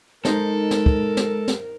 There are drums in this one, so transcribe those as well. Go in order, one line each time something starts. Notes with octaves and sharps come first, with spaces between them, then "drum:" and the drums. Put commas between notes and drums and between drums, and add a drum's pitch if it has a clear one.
G#3 D#4 A4 A#4 C5, drum: snare
drum: snare
drum: kick
drum: snare
drum: snare